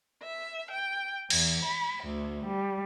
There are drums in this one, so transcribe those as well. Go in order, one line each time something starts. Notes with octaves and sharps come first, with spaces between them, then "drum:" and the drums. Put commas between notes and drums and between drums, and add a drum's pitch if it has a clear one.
E5
G5
E2, drum: cymbal
B5
D2
G3